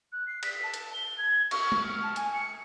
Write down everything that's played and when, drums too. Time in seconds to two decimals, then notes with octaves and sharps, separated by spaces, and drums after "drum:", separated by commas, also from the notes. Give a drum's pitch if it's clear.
0.12 F#6
0.28 C7
0.43 B6, drum: cymbal
0.63 A5
0.74 drum: hi-hat
0.93 G7
1.18 G#6
1.51 C#6, drum: cymbal
1.72 drum: tom G#3
1.89 F6
2.03 A5
2.16 G#5, drum: hi-hat
2.34 C#7